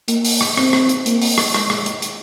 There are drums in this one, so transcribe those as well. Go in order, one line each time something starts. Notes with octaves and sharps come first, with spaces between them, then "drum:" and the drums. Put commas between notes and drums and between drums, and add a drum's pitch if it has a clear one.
A#3, drum: hi-hat
drum: open hi-hat
drum: rim click
C4, drum: rim click
drum: rim click
drum: hi-hat
A#3, drum: hi-hat
drum: open hi-hat
drum: rim click
G#3, drum: rim click
drum: rim click
drum: hi-hat
drum: hi-hat